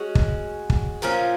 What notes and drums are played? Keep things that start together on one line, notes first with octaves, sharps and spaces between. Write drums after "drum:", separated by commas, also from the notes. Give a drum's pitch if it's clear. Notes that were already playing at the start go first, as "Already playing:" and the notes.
Already playing: G#3 C#4 F#4
drum: kick
drum: kick
A#2 F3 A#3 C#4